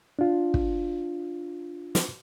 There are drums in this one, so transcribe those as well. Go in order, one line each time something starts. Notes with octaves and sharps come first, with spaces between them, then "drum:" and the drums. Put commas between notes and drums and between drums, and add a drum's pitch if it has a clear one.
D4 F4
drum: kick
drum: snare